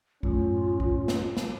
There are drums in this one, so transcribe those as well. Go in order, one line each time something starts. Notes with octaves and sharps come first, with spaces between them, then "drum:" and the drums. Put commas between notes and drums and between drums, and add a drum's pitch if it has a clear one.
F#2 A2 C#4 F4, drum: kick C2
drum: kick C2
drum: snare
drum: snare